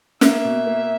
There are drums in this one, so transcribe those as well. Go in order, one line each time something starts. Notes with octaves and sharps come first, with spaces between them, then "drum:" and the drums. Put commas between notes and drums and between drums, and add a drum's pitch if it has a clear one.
A#3 E5, drum: snare
B2
A#3